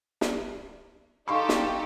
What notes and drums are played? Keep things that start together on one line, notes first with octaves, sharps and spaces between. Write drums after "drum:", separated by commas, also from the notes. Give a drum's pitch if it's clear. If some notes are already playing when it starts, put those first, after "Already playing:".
drum: snare
D#4 G4 A4 F5 C6 C#6
drum: snare